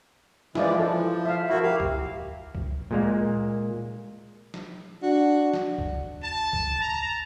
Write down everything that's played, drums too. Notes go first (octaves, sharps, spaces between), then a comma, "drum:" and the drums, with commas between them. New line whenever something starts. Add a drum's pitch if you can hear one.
E3 F3 G#3 E4 F4 D5, drum: snare
F3 A4
E5 F5
F3 E4 F#4 A#4 E5
G4 F5
drum: kick C#2
drum: kick C#2
A#2 G#3 A#3
drum: snare
D4 F#4
drum: snare
drum: kick C#2
A5
drum: kick C#2
A#5